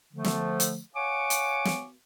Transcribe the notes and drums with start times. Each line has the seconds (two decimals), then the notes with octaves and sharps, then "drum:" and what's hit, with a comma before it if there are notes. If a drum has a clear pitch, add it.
0.13 D3 F3 A3
0.24 drum: snare
0.60 drum: hi-hat
0.95 C#5 F5 F#5 G#5 C#6 D6
1.30 drum: hi-hat
1.65 drum: snare